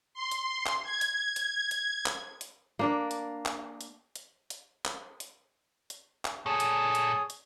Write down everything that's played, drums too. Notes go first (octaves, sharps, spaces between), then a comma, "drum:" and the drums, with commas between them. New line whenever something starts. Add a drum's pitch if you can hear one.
C6
drum: hi-hat
drum: clap
G#6
drum: hi-hat
drum: hi-hat
drum: hi-hat
drum: clap
drum: hi-hat
A#3 D4 D5
drum: hi-hat
drum: clap
drum: hi-hat
drum: hi-hat
drum: hi-hat
drum: clap
drum: hi-hat
drum: hi-hat
drum: clap
A#2 G#4 A4 C#5 D#6
drum: hi-hat
drum: hi-hat
drum: hi-hat